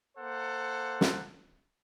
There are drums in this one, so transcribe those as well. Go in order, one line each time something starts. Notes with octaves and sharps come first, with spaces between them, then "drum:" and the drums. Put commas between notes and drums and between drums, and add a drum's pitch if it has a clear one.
A#3 A4 C5 F#5
drum: snare